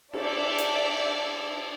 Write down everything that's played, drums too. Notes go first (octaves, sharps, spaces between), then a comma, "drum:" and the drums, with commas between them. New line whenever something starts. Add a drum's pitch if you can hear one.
D5 E5 A5 D6 E6, drum: cymbal
drum: hi-hat